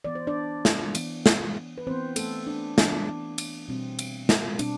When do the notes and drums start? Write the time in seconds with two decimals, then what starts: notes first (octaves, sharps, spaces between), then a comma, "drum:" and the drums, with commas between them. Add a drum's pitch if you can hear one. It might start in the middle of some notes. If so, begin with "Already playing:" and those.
0.04 E3 B3 D5
0.15 C5
0.27 D4 D5
0.65 drum: snare
0.95 E3 B3, drum: cymbal
1.26 drum: snare
1.78 B4
1.87 E3 B3 C4 C5
2.16 A3 A4, drum: cymbal
2.47 D4
2.78 E3 B3 D4, drum: snare
3.38 drum: cymbal
3.68 B2 G3 C4
3.99 drum: cymbal
4.29 drum: snare
4.59 B2 G3 C4 D4, drum: cymbal